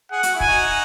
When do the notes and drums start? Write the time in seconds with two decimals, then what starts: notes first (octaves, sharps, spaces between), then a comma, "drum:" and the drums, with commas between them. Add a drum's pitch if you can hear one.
0.11 G#4 F#5
0.23 F#4, drum: hi-hat
0.35 E4
0.40 G#5, drum: kick
0.46 D#4 F#4